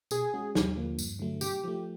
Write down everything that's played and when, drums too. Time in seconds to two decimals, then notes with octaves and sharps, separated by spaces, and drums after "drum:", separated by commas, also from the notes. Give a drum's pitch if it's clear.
0.11 B2 G#4, drum: tambourine
0.33 G#3 C#4 F#4
0.55 D#2, drum: snare
0.77 D3 F3 A#3
0.99 G2, drum: tambourine
1.19 D3 F#3 A3
1.41 C3 G4, drum: tambourine
1.64 F3 A3